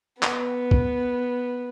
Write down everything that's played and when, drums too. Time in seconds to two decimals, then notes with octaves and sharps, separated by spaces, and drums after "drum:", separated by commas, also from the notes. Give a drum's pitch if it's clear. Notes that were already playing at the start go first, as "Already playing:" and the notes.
0.23 B3, drum: clap
0.71 drum: kick